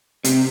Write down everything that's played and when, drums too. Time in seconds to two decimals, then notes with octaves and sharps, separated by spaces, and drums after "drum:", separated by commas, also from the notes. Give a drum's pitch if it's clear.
0.24 C3, drum: hi-hat